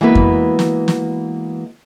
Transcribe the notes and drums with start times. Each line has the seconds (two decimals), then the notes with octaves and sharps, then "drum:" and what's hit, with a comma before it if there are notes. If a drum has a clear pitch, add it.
0.01 E3 G#3 A#3 B3 F#4 B4
0.15 drum: kick F2
0.59 drum: snare
0.88 drum: snare